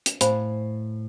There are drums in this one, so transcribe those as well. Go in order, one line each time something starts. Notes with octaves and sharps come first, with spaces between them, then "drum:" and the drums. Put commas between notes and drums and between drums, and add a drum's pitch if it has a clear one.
drum: hi-hat
A2 C5 F5 G#5 B5, drum: hi-hat